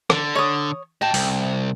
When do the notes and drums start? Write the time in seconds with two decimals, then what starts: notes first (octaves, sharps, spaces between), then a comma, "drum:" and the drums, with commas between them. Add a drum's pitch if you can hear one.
0.10 D3, drum: rim click
0.35 C#5 D#6
1.02 D#5 G5 A5
1.14 C2, drum: open hi-hat